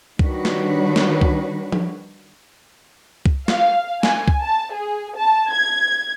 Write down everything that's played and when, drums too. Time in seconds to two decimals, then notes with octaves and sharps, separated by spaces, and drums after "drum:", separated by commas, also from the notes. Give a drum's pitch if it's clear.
0.19 D#3 G3 D4 F#4 B4 C#5, drum: kick C2
0.45 drum: snare
0.96 drum: snare
1.21 drum: kick C2
1.72 drum: tom F3
3.26 drum: kick C2
3.48 F5, drum: snare
4.03 G#5, drum: snare
4.28 drum: kick C2
4.43 A5
4.74 G#4
5.17 A5
5.50 G#6